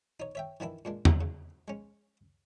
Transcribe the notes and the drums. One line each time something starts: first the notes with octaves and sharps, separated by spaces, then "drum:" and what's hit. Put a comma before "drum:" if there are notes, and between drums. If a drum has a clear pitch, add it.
D#4 C#5
C#5 E5 G5
D#3 E3 D4 E4
A#2 G#3 D4
drum: tom E2
C#3
G#3 C#4